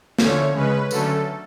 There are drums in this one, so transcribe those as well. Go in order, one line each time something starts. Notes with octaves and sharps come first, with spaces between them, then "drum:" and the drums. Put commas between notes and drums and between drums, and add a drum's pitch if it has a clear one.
D3 F3 A3 C#4 C#5, drum: snare
C#3 G#3 C#4 B4
D3 F#3 A3 C#4 A4, drum: tambourine